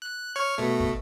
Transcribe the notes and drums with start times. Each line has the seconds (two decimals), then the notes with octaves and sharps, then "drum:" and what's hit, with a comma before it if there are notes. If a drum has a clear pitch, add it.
0.02 F#6
0.36 C#5 C#6 F6
0.58 B2 A3
0.80 drum: kick